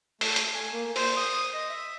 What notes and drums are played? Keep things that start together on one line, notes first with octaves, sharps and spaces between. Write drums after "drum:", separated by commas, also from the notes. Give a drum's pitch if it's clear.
A3, drum: open hi-hat
drum: hi-hat
G#5
A#3
C5, drum: open hi-hat
D#6
D#5
E5